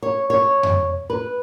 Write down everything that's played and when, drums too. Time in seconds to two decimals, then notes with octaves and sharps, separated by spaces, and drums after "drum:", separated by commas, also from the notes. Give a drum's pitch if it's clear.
0.03 C#5
0.30 C#5
0.63 drum: tom F2
1.10 B4